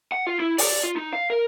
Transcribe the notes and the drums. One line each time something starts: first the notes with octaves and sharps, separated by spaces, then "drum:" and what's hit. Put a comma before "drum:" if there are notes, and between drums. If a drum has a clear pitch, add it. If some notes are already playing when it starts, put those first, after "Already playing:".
F#5
F4
E4
D5, drum: open hi-hat
F4
D#4
F5
A#4